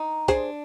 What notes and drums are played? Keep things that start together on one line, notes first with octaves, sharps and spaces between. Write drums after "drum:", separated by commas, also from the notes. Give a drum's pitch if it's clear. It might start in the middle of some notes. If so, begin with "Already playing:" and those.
Already playing: D#4
D4 G#4 C5, drum: kick B1, hi-hat